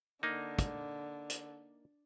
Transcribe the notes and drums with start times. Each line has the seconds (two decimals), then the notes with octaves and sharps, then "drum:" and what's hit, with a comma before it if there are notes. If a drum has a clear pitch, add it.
0.23 D3 A#3 D#4
0.59 drum: kick, hi-hat
1.30 drum: hi-hat